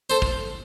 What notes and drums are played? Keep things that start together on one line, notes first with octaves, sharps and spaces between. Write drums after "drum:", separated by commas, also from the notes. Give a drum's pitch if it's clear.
A4 C5
drum: kick